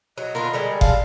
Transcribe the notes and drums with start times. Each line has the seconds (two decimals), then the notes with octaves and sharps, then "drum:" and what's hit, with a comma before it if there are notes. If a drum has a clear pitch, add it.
0.18 F#3 D#5
0.35 D3 B3 F4 A#4
0.54 D3 G3 G#3
0.81 F5 A5, drum: kick F#1